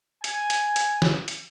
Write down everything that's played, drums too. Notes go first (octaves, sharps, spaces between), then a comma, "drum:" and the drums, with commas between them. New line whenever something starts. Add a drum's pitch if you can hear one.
G#5, drum: hi-hat
drum: hi-hat
drum: hi-hat
drum: snare
drum: hi-hat